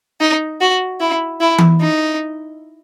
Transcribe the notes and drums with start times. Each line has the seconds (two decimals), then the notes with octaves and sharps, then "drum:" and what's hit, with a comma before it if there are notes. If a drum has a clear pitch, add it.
0.21 D#4
0.61 F#4
1.00 E4
1.41 E4
1.58 drum: tom E3
1.80 D#4